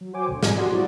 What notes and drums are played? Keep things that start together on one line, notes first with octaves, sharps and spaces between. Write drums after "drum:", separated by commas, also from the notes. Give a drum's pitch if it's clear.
F#3
F#4 C5 C#5 G5 G#5 D6
D2 B2 D3
G#2 C4 G#5 A#5 G#6, drum: snare
F#4 G4 D5 F#5 C6 D#6
F3 F#3 G#3 E4 F#4 D5